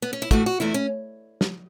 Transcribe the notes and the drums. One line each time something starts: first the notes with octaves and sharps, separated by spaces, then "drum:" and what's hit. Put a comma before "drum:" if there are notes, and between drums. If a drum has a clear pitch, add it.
B3
C#4
E4
A2 E3 A3 F#4, drum: kick
F#4
E2 E3 A3 E4
C#4
drum: snare